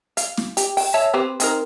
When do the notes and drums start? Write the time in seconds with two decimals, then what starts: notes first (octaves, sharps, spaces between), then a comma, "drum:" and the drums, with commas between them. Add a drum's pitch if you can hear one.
0.17 F5, drum: hi-hat
0.37 drum: snare
0.57 G4, drum: hi-hat
0.77 G5, drum: open hi-hat
0.94 C#5 E5 A5
1.14 C4 G4 B4
1.40 C4 D#4 A#4, drum: hi-hat